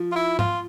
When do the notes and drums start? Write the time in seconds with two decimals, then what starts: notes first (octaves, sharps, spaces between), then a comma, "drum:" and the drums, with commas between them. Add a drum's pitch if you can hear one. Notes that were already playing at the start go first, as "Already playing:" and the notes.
Already playing: F3
0.11 F4
0.16 E4
0.39 F4, drum: tom G#2